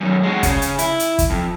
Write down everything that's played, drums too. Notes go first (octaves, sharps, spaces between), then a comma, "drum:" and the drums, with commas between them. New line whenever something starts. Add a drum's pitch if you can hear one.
F#2 D#3
G#3 F#4
C#3, drum: kick, hi-hat
drum: hi-hat
E4, drum: hi-hat
drum: hi-hat
drum: kick, hi-hat
F2